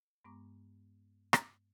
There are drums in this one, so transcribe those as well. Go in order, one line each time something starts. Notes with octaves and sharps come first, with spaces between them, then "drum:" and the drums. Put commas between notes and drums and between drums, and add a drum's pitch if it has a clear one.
G2 G#3 B3 A#5 C#6 D6
drum: rim click